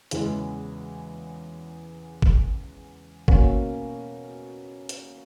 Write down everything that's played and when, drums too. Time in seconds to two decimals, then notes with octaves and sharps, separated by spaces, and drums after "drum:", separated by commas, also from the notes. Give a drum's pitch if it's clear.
0.11 E2 C#3 E3 G#3, drum: hi-hat
2.22 drum: kick
3.28 B2 A#3 C#4 F#4, drum: kick
4.89 drum: hi-hat